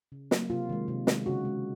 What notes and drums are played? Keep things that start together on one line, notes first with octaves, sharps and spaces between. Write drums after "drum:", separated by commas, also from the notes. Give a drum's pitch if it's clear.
C#3
F#3 A#3, drum: snare
C3 F4
D#3 G#3
C3
D#3 G#3, drum: snare
C#3 F#4
G#3